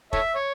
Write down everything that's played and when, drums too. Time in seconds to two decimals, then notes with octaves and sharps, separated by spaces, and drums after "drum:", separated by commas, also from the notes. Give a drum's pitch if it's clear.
0.13 A4 C#5 E5, drum: kick
0.35 C#5